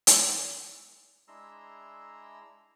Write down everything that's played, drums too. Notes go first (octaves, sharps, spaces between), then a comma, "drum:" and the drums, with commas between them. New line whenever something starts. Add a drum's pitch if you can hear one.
drum: hi-hat
G#3 D4 E4 A#5 C6 E6